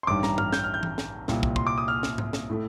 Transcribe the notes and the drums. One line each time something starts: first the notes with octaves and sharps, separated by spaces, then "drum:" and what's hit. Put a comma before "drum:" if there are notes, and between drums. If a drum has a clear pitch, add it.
C6
A1 G2 D#3 G3 D6
A#5, drum: snare
F6, drum: tom
G6, drum: snare
F6
G6
drum: tom E3
drum: snare
C2 A#2 G3, drum: snare
drum: kick
C6, drum: kick
D6
D#6
F6
drum: snare
drum: tom G#2
drum: snare
A2 A3